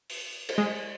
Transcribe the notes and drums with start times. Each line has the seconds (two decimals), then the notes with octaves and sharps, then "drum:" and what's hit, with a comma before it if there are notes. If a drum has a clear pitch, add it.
0.10 drum: open hi-hat
0.49 drum: cymbal
0.58 G#3